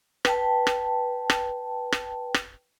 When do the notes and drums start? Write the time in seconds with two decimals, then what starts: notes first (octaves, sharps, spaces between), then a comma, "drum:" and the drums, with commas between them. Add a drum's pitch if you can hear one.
0.25 B4 G5 A5, drum: rim click
0.67 drum: rim click
1.30 drum: rim click
1.92 drum: rim click
2.34 drum: rim click